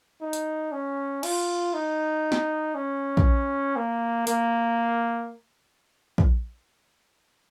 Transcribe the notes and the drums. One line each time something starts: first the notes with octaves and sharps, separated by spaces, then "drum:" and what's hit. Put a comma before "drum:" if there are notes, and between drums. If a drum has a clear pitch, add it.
D#4
drum: hi-hat
C#4
F4, drum: cymbal
D#4
drum: snare
C#4
drum: kick A#1
A#3
A#3, drum: hi-hat
drum: kick A#1